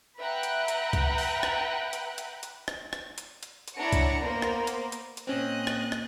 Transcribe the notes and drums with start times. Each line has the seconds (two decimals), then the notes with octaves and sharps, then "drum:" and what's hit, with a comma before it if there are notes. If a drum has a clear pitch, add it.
0.18 B4 E5 F#5 G5 A#5 F#6
0.43 drum: hi-hat
0.68 drum: hi-hat
0.93 drum: kick, hi-hat
1.18 drum: open hi-hat
1.43 drum: rim click
1.93 drum: hi-hat
2.18 drum: hi-hat
2.43 drum: hi-hat
2.68 drum: rim click
2.93 drum: rim click
3.18 drum: hi-hat
3.43 drum: hi-hat
3.68 drum: hi-hat
3.78 D4 E4 C#5 F#5 A#5 C#7
3.92 drum: kick, hi-hat
4.23 A#3 B3 A#4 C5
4.42 drum: rim click
4.67 drum: hi-hat
4.92 drum: hi-hat
5.17 drum: hi-hat
5.27 A#2 C4 C#4 D#5 F#6
5.67 drum: rim click
5.92 drum: rim click